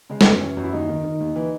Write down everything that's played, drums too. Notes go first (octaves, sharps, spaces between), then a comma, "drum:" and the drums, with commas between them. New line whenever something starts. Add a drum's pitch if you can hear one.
C#3 G#3
B3, drum: snare
F#2 C#4
E3 C#4
F#2
E4
D#2 D#4
D#3
D#3
D#2
E3